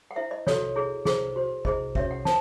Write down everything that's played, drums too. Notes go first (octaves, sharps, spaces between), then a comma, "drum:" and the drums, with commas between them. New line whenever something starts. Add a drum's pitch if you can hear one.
F#5
E4 C5 E5
D#5
F#4 A4 C#5, drum: snare
E4 G#4 C#5
E4 G#4 C5, drum: snare
F#4 C5
E4 G#4 C5 D#5, drum: kick
C#4 F#4 C#5 E5, drum: kick
F#5
C5 A5, drum: snare